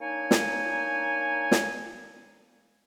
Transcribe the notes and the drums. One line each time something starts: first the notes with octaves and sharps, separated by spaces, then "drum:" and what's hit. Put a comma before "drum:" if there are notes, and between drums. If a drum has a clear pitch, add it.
A#3 D4 D#4 C#5 G#5
drum: snare
drum: snare